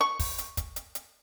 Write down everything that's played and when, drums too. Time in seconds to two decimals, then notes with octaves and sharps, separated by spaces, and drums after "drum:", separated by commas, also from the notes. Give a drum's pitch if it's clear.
0.01 C#6
0.19 drum: kick, open hi-hat
0.38 drum: hi-hat
0.57 drum: kick, hi-hat
0.76 drum: hi-hat
0.95 drum: hi-hat